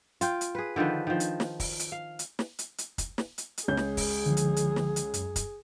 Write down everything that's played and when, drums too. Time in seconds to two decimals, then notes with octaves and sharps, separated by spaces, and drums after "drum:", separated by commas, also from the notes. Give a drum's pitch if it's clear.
0.21 F4 G5, drum: hi-hat
0.41 drum: hi-hat
0.55 G#4 B4
0.76 D3 D#3 F3 B4
1.07 D#3 F3
1.20 drum: hi-hat
1.40 drum: snare
1.60 drum: kick, open hi-hat
1.79 drum: hi-hat
1.92 F5
2.19 drum: hi-hat
2.39 drum: snare
2.59 drum: hi-hat
2.78 drum: hi-hat
2.98 drum: kick, hi-hat
3.18 drum: snare
3.38 drum: hi-hat
3.58 drum: hi-hat
3.68 C#2 C#4 G#4 G6
3.77 drum: snare
3.97 drum: kick, open hi-hat
4.26 D3 F3
4.37 drum: hi-hat
4.56 drum: hi-hat
4.76 drum: snare
4.96 drum: hi-hat
5.14 F#2, drum: hi-hat
5.36 drum: kick, hi-hat